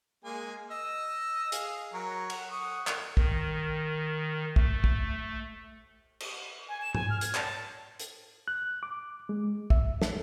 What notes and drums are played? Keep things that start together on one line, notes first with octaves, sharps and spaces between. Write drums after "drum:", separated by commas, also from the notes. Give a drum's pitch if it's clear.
G#3 A#3 G#5
D#5 E6
G#4 F5, drum: hi-hat
F#3 A#4 C#5
F#5, drum: cymbal
F#5 C#6 D#6
drum: clap
D#3, drum: kick
A3, drum: kick
drum: kick
drum: cymbal
G#5
E7
G#5, drum: tom
F6
G#6, drum: hi-hat
A5, drum: clap
drum: hi-hat
F#6
D6
G#3
E5, drum: kick
A4, drum: snare